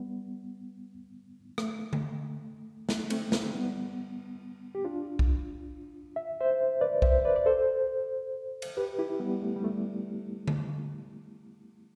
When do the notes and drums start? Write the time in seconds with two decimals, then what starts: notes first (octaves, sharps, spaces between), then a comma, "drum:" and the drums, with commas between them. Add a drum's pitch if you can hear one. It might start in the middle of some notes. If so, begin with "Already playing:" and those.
Already playing: G3 B3
1.58 A3, drum: rim click
1.93 drum: tom D3
2.89 A3, drum: snare
3.10 A3 C4, drum: cymbal
3.32 A3 C4, drum: snare
3.55 G3 B3
4.75 G4
4.85 D4 F4
5.19 drum: kick B1
6.16 E5
6.40 C5 E5
6.81 B4 D5
7.02 C5 E5, drum: kick B1
7.25 B4 D5
7.36 D5
7.46 A4 C5
8.62 drum: cymbal
8.77 G4 B4
8.99 E4 G4
9.20 G3 B3
9.42 A3
9.56 G3
9.64 A3
10.48 drum: tom D3